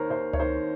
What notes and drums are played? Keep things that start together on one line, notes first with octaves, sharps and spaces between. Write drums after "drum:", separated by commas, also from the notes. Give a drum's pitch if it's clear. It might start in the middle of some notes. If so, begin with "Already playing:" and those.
Already playing: D#2 D#3 A#4 C5 C#5
D#2 C5
C#5, drum: tom C#2
D#3 C5